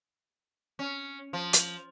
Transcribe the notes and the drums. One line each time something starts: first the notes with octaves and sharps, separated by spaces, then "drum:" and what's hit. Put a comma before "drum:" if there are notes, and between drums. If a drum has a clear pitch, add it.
C#4
F3
drum: hi-hat